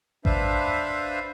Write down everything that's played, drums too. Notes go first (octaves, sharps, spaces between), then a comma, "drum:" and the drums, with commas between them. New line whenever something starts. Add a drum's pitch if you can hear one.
D4 B4 C5 E5 F5, drum: kick A1